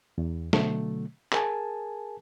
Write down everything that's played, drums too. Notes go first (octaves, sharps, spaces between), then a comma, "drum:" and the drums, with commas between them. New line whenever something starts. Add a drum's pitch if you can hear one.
E2
B2 D3 F#3 A3, drum: snare
G#4 A#4 G#5 A5, drum: clap